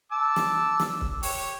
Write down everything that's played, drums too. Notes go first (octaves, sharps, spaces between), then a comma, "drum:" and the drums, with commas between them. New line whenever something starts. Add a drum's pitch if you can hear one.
A5 D6 E6
drum: snare
drum: snare
drum: kick
G4 C#5, drum: open hi-hat